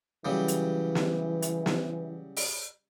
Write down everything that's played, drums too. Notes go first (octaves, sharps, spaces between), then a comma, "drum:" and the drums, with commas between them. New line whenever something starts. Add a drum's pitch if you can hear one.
C#3 E3 F#3 G3
drum: hi-hat
drum: snare
drum: hi-hat
drum: snare
drum: open hi-hat